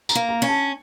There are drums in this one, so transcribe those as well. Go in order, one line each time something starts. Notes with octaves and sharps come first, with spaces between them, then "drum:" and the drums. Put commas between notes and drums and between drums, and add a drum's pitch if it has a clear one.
A#5, drum: tambourine
A#3
A#5
C#4
A5